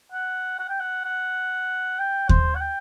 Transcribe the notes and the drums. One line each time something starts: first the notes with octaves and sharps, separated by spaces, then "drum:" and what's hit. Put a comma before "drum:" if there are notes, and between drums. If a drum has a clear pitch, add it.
F#5
F#5
G5
F#5
F#5
G5
C5, drum: kick D#2
F#5
G5